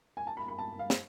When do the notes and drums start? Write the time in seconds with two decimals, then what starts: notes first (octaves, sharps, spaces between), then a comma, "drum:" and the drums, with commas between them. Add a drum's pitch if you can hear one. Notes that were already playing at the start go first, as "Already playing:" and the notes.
0.17 G#5
0.27 A5
0.37 B5
0.48 B5
0.59 A5
0.79 F5
0.90 drum: snare